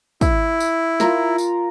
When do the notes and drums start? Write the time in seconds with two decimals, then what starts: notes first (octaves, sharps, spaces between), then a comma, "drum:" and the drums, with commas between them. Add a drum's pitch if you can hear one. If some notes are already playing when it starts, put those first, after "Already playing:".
0.21 E4, drum: kick, tambourine
0.60 drum: tambourine
1.00 F4 A#4, drum: snare
1.38 drum: tambourine